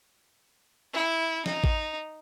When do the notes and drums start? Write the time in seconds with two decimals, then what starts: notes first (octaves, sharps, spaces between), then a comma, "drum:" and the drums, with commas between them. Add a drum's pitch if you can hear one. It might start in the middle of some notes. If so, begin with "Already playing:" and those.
0.93 E4
1.46 D#4, drum: snare
1.64 drum: kick A1